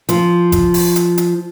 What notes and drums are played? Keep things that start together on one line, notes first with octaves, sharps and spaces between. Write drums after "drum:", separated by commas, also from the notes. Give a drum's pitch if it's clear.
F3, drum: hi-hat
drum: kick F#1, hi-hat
drum: open hi-hat
drum: hi-hat
drum: hi-hat